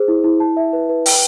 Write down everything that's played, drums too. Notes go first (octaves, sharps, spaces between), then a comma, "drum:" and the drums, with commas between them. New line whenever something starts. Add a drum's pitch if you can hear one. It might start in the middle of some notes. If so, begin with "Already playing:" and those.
Already playing: G#4 C5
E4
E4
A5
E5
B4
B4
G5, drum: open hi-hat